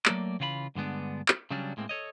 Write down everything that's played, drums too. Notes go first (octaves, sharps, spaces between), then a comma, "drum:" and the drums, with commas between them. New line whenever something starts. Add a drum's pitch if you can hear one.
F#3 A3 A#3 D5, drum: clap
C#3 E3 F4 F#5 B5
G2 D3 G#3 B3 D4
drum: clap
C#3 F#3 G3 C#4 D4
A2 G#3 A#3 C4
A4 C#5 D#5